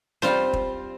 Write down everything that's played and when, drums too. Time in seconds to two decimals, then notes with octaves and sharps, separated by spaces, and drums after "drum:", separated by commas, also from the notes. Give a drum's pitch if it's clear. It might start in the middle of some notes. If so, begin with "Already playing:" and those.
0.22 G3 C4 F4 C5, drum: snare C#4
0.53 drum: kick